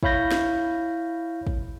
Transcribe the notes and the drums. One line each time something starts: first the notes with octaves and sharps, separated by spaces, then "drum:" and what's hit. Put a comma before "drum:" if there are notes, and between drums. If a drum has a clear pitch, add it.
E4 C#5 F5 B5 G6 A#6, drum: kick
drum: snare
drum: kick